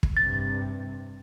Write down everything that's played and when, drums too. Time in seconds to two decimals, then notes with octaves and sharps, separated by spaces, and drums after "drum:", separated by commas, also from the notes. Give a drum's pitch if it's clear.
0.03 drum: kick
0.17 G2 C3 A6